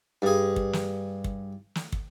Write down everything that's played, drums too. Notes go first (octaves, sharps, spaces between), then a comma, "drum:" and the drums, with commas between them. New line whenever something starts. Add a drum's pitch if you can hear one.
G2 G#4
drum: kick
drum: snare
drum: kick
drum: snare
drum: kick